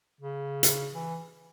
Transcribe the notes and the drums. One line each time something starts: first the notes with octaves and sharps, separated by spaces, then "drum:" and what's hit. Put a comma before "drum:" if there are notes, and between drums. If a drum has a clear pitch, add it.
C#3
drum: hi-hat
E3